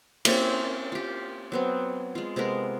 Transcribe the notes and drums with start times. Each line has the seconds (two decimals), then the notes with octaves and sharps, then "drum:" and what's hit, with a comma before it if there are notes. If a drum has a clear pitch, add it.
0.25 A#3 C4 C#4, drum: cymbal
0.92 F4 G4
1.52 F#3 B3 C4
2.15 G#3 F4
2.36 C3 G#3 B3 A#4